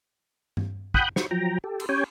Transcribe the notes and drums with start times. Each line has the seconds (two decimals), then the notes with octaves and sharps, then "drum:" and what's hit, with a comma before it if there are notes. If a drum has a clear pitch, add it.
0.57 drum: tom G2
0.94 F#5 G5 B5 D#6 F#6 G6, drum: kick
1.16 F#4 C5 C#6, drum: snare
1.31 F3 F#3 G5 A#5
1.64 G4 A4
1.80 drum: cymbal
1.89 C#4 G4 C#5 G5 G#5